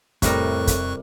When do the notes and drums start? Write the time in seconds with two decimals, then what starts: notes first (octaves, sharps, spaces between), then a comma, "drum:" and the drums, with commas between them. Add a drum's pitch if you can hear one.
0.22 F2 A2 C3 G3 A#4 C#6 F#6, drum: kick, hi-hat
0.67 drum: kick, hi-hat